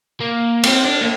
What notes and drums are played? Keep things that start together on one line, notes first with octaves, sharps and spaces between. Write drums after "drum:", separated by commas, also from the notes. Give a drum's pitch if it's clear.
A#3
C4, drum: cymbal
D4
A#3